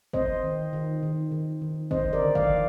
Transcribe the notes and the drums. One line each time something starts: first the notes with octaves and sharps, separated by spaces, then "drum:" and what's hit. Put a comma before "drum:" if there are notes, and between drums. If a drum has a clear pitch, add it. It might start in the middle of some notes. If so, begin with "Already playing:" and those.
C4 C5 D#5, drum: kick
D#3
D#3
D#3
D#3
D#3
C4 C5 D#5, drum: kick
A#4 D5
D3
D5 F5, drum: kick
F3